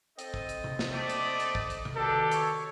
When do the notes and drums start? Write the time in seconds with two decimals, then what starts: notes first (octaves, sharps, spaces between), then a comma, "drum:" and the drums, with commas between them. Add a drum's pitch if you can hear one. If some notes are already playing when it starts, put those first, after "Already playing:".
0.19 C4 A4 D#5, drum: hi-hat
0.34 drum: kick
0.49 drum: hi-hat
0.64 drum: tom C3
0.79 drum: snare
0.91 A3 D5
1.10 drum: hi-hat
1.40 drum: hi-hat
1.55 drum: kick
1.70 drum: hi-hat
1.85 drum: tom C3
1.96 B2 D#3 D4 G4 A4
2.31 C#5, drum: hi-hat